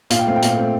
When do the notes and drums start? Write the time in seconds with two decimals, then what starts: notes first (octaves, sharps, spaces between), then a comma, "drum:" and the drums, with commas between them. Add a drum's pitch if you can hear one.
0.10 A#2 F5, drum: hi-hat
0.19 G5
0.27 A3 C4 F5
0.36 G5
0.42 A#2 F5, drum: hi-hat
0.57 A3 C4